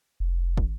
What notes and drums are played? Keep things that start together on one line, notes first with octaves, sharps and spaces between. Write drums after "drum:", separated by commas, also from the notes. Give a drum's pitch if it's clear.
F1
drum: kick